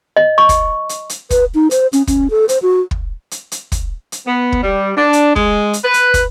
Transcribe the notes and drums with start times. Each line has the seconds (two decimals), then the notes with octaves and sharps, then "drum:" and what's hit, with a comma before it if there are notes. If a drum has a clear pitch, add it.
0.17 D#5
0.38 C#6
0.49 drum: kick, hi-hat
0.89 drum: hi-hat
1.09 drum: hi-hat
1.30 B4, drum: kick, hi-hat
1.55 D#4
1.71 C5, drum: hi-hat
1.93 C#4, drum: hi-hat
2.07 C#4, drum: kick, hi-hat
2.31 A4
2.49 C5, drum: hi-hat
2.62 F#4
2.91 drum: kick
3.31 drum: hi-hat
3.52 drum: hi-hat
3.72 drum: kick, hi-hat
4.12 drum: hi-hat
4.26 B3
4.52 drum: kick
4.63 G3
4.97 D4
5.13 drum: hi-hat
5.36 G#3, drum: kick
5.73 drum: hi-hat
5.85 B4
5.94 drum: hi-hat
6.14 drum: kick, hi-hat